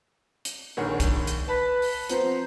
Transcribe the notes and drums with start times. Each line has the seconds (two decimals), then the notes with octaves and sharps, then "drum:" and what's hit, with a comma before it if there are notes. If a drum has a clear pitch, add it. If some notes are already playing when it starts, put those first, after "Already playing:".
0.45 drum: hi-hat
0.77 A#1 D#3 G#4 A#4 C#5 F#5
1.00 drum: kick, hi-hat
1.27 drum: hi-hat
1.48 B4 A5 B5
1.82 drum: open hi-hat
2.10 F3 B3 C4 C5 A#5, drum: hi-hat